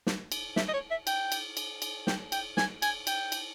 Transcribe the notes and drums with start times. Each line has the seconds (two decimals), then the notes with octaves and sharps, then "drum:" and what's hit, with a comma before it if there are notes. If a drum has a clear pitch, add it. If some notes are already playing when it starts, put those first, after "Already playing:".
0.07 drum: snare
0.32 drum: cymbal
0.56 E5, drum: snare
0.68 D#5
0.73 C#5
0.91 E5
1.07 G5, drum: cymbal
1.32 drum: cymbal
1.57 drum: cymbal
1.82 drum: cymbal
2.07 G5, drum: snare
2.32 G5, drum: cymbal
2.57 G#5, drum: snare
2.82 G#5, drum: cymbal
3.07 G5, drum: cymbal
3.32 drum: cymbal